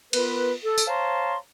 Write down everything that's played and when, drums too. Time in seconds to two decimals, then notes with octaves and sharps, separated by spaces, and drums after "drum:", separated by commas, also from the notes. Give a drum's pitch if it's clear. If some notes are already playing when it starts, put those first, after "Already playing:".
0.13 B3 F4 A#4 B4, drum: cymbal
0.64 A4
0.78 drum: tambourine
0.87 C5 C#5 F5 A5 A#5 C6